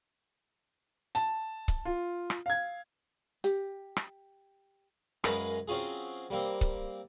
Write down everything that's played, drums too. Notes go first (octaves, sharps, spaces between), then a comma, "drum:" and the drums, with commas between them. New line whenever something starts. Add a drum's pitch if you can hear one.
A5, drum: hi-hat
drum: kick C#1
F4
drum: rim click
F5 G#6
G4, drum: hi-hat
drum: rim click
F#2 G#3 A#4 B4 F5, drum: rim click
F#3 C4 C#4 F4 G#4
G3 A#3 C4
drum: kick C#1